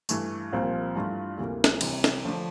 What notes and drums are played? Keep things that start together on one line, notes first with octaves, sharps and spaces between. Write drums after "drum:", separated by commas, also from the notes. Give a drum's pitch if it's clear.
G2 E3 A3, drum: tambourine
C2 A#2 F3 C4 F4
G2 E3 A3 D4 F4
D2 C3 E3 G3 A#3
drum: snare
C2 C3 E3, drum: cymbal
drum: snare
D3 F3 A3 D4